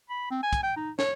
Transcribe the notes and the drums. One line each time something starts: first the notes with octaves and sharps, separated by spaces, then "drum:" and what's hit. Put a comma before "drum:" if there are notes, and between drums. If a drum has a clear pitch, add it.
B5
C4
G#5
drum: kick, hi-hat
G5
D#4
C#5, drum: snare